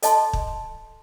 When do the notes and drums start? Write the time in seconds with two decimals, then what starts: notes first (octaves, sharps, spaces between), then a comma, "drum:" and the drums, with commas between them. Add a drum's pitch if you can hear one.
0.02 A4 D#5 A5 C6, drum: hi-hat
0.33 drum: kick